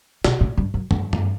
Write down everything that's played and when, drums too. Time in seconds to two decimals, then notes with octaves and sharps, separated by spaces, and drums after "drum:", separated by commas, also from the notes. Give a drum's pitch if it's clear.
0.24 B2, drum: snare
0.41 A2
0.57 G2
0.74 F#2
0.91 G2, drum: tom
1.13 drum: tom